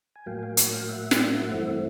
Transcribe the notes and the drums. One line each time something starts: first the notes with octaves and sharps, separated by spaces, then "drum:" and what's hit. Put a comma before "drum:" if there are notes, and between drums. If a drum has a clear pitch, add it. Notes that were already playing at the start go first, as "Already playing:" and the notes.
G#5
A2 F#3 A#3 F5 G5
G#5
F5 G5
F#5 G#5, drum: hi-hat
F5 G5
E5 F#5
drum: snare
G2 E3 A3 C4